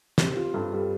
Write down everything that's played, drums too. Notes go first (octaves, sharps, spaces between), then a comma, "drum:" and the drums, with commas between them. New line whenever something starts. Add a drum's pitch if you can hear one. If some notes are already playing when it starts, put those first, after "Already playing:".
C4 G4, drum: snare
F4 G4
G2 A4
G3 A4